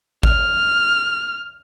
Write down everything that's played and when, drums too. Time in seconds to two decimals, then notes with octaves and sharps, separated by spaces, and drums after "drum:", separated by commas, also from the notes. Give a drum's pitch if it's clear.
0.23 F6, drum: kick